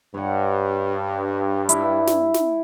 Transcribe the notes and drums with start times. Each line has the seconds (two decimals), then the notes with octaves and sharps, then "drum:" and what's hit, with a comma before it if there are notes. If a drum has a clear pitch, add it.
0.14 G2 C#5 F#5
1.69 E4, drum: hi-hat
2.07 drum: snare
2.34 drum: snare